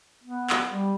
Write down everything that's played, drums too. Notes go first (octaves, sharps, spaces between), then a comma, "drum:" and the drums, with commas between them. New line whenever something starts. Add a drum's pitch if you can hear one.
B3
drum: clap
G3